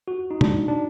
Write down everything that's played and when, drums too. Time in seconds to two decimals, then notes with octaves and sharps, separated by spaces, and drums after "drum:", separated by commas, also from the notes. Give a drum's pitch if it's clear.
0.08 F#4
0.31 D#4
0.41 D4, drum: tom
0.68 D4